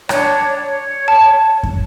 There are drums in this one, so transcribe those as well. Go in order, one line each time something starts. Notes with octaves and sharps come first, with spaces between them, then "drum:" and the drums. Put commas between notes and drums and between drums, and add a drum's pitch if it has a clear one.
D4 C#5, drum: rim click
C#5
A5
drum: kick